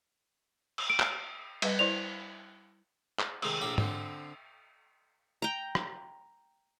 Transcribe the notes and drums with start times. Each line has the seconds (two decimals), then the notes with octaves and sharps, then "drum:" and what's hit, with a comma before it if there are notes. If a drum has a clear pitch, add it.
0.78 drum: cymbal
0.90 D7
1.00 drum: clap
1.62 G3 B4 D#5, drum: cymbal
1.79 E4 C5 D5 F7
3.19 drum: clap
3.42 C3 D#3 G#3 A3, drum: cymbal
3.61 A#1 A2 G4 G5 A#5
3.78 D3 C4, drum: tom
5.42 G5 A#5
5.75 drum: rim click